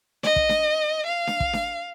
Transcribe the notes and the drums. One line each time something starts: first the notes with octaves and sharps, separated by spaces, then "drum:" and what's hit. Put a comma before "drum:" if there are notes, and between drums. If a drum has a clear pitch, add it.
D#5, drum: snare D4
drum: kick
drum: snare D4
F5
drum: snare D4
drum: kick
drum: snare D4